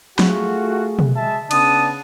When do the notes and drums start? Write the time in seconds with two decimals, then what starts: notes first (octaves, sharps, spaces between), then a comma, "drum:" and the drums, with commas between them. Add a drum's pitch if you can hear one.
0.19 A3 F4 F#4 G#4, drum: snare
0.99 drum: tom B2
1.16 G#3 E5 A5
1.51 C#3 B3 D4 A5 D#6, drum: cymbal